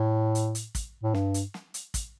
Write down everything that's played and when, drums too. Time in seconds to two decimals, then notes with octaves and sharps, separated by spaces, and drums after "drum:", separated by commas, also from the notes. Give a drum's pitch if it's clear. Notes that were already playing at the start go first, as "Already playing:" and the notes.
Already playing: A2
0.35 drum: hi-hat
0.55 drum: hi-hat
0.75 drum: kick, hi-hat
1.03 A2
1.14 G2, drum: snare
1.34 drum: hi-hat
1.54 drum: snare
1.74 drum: hi-hat
1.94 drum: kick, hi-hat